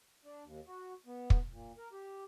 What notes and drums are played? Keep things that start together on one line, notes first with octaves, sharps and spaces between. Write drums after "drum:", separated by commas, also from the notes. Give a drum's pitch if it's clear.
D4
D#2
F#4
B3
drum: kick
A#2
A#4
G4